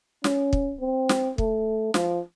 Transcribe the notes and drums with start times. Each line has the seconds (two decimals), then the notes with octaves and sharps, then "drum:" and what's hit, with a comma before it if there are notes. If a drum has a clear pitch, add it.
0.24 C#4, drum: snare
0.53 drum: kick
0.80 C4
1.09 drum: snare
1.38 A3, drum: kick
1.94 F3, drum: snare